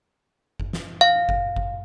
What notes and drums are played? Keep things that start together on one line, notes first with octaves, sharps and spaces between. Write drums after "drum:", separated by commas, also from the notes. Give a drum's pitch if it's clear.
drum: kick G1
drum: snare
F5
drum: kick G1
drum: kick G1